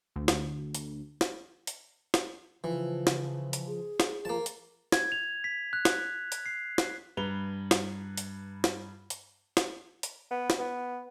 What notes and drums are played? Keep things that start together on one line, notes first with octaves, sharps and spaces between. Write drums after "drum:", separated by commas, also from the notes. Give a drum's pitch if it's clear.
D2
drum: snare
drum: hi-hat
drum: snare
drum: hi-hat
drum: snare
C#3 E3 F3
drum: snare
drum: hi-hat
G#4
drum: snare
F3 A#3 A5
drum: hi-hat
G#6, drum: snare
F7
B6
F#6
drum: snare
drum: hi-hat
C7
drum: snare
G2 B4 A#5 F7 G7
drum: snare
drum: hi-hat
drum: snare
drum: hi-hat
drum: snare
drum: hi-hat
B3
drum: snare
B3